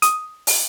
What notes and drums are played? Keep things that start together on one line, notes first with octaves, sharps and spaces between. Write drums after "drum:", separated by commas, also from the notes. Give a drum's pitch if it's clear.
D#6, drum: hi-hat
drum: open hi-hat